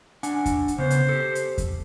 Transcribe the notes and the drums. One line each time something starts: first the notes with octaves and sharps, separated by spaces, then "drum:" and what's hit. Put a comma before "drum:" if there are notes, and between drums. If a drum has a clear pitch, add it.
D4 F#5 G#5, drum: hi-hat
drum: kick E2, hi-hat
drum: hi-hat
C#3 B3 C5
drum: hi-hat
G4 A4
drum: hi-hat
drum: kick E2, hi-hat